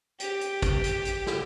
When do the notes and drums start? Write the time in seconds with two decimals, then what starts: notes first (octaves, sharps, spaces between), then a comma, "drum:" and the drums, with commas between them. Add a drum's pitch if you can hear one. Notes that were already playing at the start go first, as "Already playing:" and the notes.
0.20 G4, drum: hi-hat
0.41 drum: hi-hat
0.62 drum: kick, hi-hat
0.84 drum: hi-hat
1.05 drum: hi-hat
1.26 drum: snare